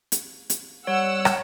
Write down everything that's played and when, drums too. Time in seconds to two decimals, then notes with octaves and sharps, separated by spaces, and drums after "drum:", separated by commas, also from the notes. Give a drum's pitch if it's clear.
0.12 drum: hi-hat
0.50 drum: hi-hat
0.87 G3 C#5 F#5 E6
1.25 drum: rim click